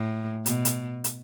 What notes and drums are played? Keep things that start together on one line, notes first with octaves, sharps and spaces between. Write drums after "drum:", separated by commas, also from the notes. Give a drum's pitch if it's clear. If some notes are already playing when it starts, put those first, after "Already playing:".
Already playing: A2
B2, drum: hi-hat
drum: hi-hat
drum: hi-hat